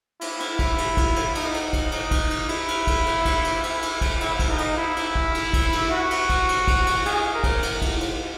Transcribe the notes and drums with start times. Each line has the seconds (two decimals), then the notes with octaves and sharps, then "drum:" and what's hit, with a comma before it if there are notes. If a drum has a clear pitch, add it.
0.21 E4, drum: cymbal
0.40 drum: cymbal
0.59 drum: kick, cymbal
0.78 drum: cymbal
0.97 drum: kick, cymbal
1.16 drum: cymbal
1.35 D#4, drum: cymbal
1.54 drum: cymbal
1.73 drum: kick, cymbal
1.92 D#4, drum: cymbal
2.11 drum: kick, cymbal
2.30 drum: cymbal
2.49 E4, drum: cymbal
2.68 drum: cymbal
2.87 drum: kick, cymbal
3.06 drum: cymbal
3.25 drum: kick, cymbal
3.44 drum: cymbal
3.63 E4, drum: cymbal
3.82 drum: cymbal
3.91 E4
4.01 drum: kick, cymbal
4.21 E4, drum: cymbal
4.39 drum: kick, cymbal
4.49 D#4
4.58 drum: cymbal
4.78 E4
4.96 drum: cymbal
5.15 drum: kick
5.34 drum: cymbal
5.53 drum: kick, cymbal
5.72 drum: cymbal
5.91 F#4
6.11 drum: cymbal
6.30 drum: kick, cymbal
6.49 drum: cymbal
6.68 drum: kick, cymbal
6.87 drum: cymbal
7.06 G#4, drum: cymbal
7.34 A#4
7.44 drum: kick, cymbal
7.63 drum: cymbal
7.82 drum: kick, cymbal
8.01 drum: cymbal